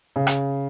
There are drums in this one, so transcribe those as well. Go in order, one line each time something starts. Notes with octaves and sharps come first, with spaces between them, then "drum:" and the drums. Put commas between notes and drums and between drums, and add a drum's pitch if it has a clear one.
C#3
drum: rim click